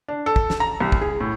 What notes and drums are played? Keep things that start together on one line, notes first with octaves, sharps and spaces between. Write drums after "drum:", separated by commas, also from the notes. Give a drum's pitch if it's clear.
D4
A4
drum: kick
drum: snare
A#5
C2
drum: kick
G#4
A2